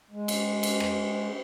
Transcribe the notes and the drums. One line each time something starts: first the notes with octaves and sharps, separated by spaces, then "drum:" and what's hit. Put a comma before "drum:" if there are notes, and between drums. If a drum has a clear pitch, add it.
G#3
drum: cymbal
drum: cymbal
drum: rim click